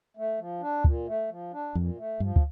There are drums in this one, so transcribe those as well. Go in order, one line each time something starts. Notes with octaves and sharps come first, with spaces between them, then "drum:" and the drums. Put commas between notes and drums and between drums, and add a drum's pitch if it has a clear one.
A3
F3
D4
A#2, drum: kick
A3
F3
D4
F2 A#2
A3
G2 F3
drum: kick